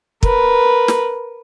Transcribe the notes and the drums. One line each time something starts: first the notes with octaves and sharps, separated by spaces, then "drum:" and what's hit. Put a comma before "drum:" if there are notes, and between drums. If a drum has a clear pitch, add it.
A#4 B4, drum: kick
drum: snare